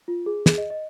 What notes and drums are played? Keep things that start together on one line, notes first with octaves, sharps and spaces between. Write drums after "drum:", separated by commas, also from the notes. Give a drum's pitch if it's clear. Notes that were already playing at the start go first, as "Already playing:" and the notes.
F4
G#4
G#4, drum: snare
D#5
D#5